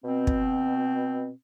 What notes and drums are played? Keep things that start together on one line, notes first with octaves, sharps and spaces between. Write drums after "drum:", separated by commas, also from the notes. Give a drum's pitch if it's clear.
B2 C4
drum: kick